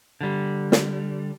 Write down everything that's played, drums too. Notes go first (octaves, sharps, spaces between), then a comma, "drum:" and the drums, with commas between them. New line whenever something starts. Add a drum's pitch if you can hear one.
D3 G3
drum: snare